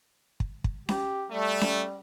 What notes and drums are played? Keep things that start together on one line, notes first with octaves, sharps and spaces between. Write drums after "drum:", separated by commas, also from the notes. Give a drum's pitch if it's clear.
drum: kick
drum: kick
G4, drum: snare C#4
G3 A3
drum: snare C#4